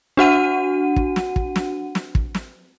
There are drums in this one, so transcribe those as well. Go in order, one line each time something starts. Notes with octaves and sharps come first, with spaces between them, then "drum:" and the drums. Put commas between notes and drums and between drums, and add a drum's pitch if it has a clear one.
D4 F#4 F#5 D#7
drum: kick
drum: snare
drum: kick
drum: snare
drum: snare
drum: kick
drum: snare